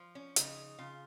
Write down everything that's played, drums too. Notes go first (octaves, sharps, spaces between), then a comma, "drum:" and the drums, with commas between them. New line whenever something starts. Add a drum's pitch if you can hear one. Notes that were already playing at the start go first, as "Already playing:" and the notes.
Already playing: F3
C#4
C#3 D#4, drum: hi-hat
C#3 F4